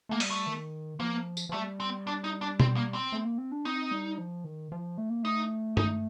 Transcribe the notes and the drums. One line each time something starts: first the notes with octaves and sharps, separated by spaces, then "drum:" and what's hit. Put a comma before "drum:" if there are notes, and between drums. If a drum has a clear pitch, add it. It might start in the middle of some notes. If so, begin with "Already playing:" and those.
A3 A#3
G3, drum: open hi-hat
A3
D#3
F3 A#3
drum: tambourine
F3
G3 A3
C4
D4
D#4
D4
C4, drum: tom B2
A#3
C4
A3
A#3
C4
D4
C4 D#4
G3
F3
D#3
F3
A3
A#3
A3 D#4
D#4, drum: tom G2